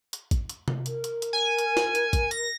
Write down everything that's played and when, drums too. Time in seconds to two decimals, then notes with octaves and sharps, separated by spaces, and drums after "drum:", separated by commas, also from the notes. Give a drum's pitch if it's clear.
0.13 drum: hi-hat
0.31 drum: kick, hi-hat
0.49 drum: hi-hat
0.68 drum: tom C3
0.86 A#4, drum: hi-hat
1.04 drum: hi-hat
1.22 drum: hi-hat
1.33 G#5
1.59 drum: hi-hat
1.77 drum: snare
1.95 drum: hi-hat
2.13 drum: kick, hi-hat
2.31 A#6, drum: hi-hat